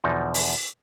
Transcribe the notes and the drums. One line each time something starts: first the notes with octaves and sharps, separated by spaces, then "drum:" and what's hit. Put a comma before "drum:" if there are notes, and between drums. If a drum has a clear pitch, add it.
E2 B2 D3 F3 D#4
drum: open hi-hat